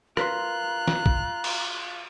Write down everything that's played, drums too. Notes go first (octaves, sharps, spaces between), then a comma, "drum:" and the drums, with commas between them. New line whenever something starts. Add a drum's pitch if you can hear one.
F4 A#4 B4 A#5 C6 F#6, drum: rim click
drum: snare
drum: kick
drum: cymbal